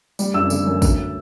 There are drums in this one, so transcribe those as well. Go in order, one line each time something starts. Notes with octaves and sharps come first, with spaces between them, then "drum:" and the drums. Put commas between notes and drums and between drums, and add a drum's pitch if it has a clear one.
G3, drum: tambourine
F#1 E6
D3, drum: tambourine
F#2
D2, drum: kick, tambourine